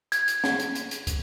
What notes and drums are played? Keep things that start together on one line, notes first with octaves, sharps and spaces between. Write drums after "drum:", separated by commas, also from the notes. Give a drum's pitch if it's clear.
G#6, drum: hi-hat
drum: hi-hat
drum: snare
drum: hi-hat
drum: hi-hat
drum: hi-hat
drum: kick, hi-hat